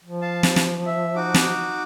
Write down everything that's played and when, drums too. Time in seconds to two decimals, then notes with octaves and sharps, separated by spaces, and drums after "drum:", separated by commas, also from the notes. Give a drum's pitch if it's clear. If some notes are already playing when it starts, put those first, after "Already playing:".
0.04 F3
0.22 F5 A5
0.43 drum: snare
0.56 drum: snare
0.86 E5
1.16 D#4 F#4 D6
1.34 drum: snare